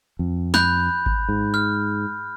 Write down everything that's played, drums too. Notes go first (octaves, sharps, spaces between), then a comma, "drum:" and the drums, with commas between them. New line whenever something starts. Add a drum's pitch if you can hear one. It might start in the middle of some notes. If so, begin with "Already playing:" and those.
F2
B5 F#6 G6, drum: snare
drum: kick G#1
G#2
F6